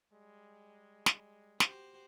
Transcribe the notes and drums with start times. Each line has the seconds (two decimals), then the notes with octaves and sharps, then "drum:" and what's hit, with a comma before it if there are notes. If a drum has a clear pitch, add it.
0.12 G3 G#3
1.06 drum: snare
1.60 F#4 G4 C5, drum: snare